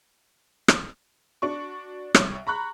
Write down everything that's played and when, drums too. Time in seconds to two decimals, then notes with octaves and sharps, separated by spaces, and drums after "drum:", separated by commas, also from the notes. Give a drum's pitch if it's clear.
0.68 drum: rim click
1.42 D4 F#4 C#6
2.15 C2 C#5, drum: rim click
2.47 A#5 B5 C#6 F#6